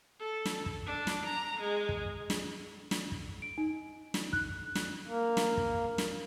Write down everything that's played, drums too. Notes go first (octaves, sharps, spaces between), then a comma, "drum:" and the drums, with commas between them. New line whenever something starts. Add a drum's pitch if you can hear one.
A4
drum: snare
drum: kick
D4
drum: snare
A#5
G#3
drum: kick
drum: snare
drum: snare
drum: kick
D7
D#4
drum: snare
F#6, drum: kick
drum: snare
A#3
drum: snare
drum: kick
drum: snare